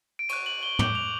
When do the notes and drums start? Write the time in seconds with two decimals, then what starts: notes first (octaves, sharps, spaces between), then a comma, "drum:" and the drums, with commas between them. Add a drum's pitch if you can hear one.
0.19 D7
0.29 C#6 F#6 D#7, drum: cymbal
0.46 F#7
0.63 G7
0.79 D6 G6 F#7, drum: tom
0.95 F7